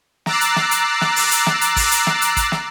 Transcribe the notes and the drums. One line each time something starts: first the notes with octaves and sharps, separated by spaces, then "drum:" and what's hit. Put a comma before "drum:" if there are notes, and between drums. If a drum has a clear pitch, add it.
A#5 D6 E6 F#6 A6 C7, drum: snare
drum: hi-hat
drum: snare
drum: hi-hat
drum: snare
drum: open hi-hat
drum: hi-hat
drum: snare
drum: hi-hat
drum: kick, open hi-hat
drum: hi-hat
drum: snare
drum: hi-hat
drum: kick, hi-hat
drum: snare